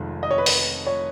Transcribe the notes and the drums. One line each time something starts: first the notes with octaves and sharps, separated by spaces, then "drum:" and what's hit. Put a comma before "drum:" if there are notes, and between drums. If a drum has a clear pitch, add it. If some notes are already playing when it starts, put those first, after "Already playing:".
Already playing: F1 F2 D#3 G#3
D#5
C#5
B4
C#5, drum: open hi-hat
C#5